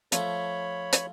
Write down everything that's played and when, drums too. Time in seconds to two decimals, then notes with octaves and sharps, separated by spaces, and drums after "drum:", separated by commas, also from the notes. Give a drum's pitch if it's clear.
0.12 F3 A3 C#5 B5, drum: hi-hat
0.93 drum: hi-hat